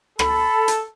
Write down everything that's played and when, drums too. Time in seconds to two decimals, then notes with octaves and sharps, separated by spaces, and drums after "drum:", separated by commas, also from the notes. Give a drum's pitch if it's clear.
0.19 A4 B5, drum: rim click
0.68 drum: hi-hat